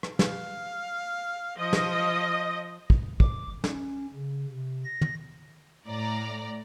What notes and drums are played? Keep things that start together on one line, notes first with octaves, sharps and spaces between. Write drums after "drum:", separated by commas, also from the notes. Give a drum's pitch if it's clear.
drum: rim click
F5, drum: snare
F3 D#5
drum: snare
drum: kick
D6, drum: kick
C#4, drum: snare
C#3
C3
A#6
drum: tom
A2 D5 A#5